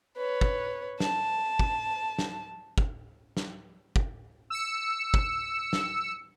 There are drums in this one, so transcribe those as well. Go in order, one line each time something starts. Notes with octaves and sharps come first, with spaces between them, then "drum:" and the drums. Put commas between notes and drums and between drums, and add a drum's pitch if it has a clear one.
B4 C#5
drum: kick
A5, drum: snare
drum: kick
drum: snare
drum: kick
drum: snare
drum: kick
E6 C#7
drum: kick
drum: snare